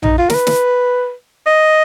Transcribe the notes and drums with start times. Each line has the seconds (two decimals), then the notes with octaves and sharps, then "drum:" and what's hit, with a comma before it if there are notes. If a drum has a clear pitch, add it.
0.03 D#4, drum: tom A#1
0.18 F4
0.30 A#4, drum: snare
0.35 B4
0.47 drum: snare
1.46 D#5